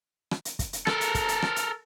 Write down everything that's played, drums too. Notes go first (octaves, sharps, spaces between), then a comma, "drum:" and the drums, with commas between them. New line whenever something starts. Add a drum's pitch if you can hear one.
drum: rim click
drum: hi-hat
drum: kick, hi-hat
drum: hi-hat
A4 A#4, drum: rim click
drum: hi-hat
drum: kick, hi-hat
drum: hi-hat
drum: rim click
drum: hi-hat